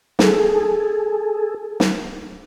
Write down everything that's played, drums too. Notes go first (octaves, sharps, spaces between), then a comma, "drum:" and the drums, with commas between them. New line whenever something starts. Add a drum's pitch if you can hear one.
G#4 A4, drum: snare
drum: snare